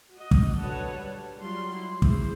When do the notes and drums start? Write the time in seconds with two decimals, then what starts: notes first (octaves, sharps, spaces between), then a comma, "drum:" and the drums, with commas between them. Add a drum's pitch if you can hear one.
0.14 F#4 D#5
0.31 drum: kick
0.61 D3 F#3 B4 C#5 F#5 A5
0.94 G3
1.41 F#3 G3 F4 C6
1.73 E4
2.02 E4 G#4 C5, drum: kick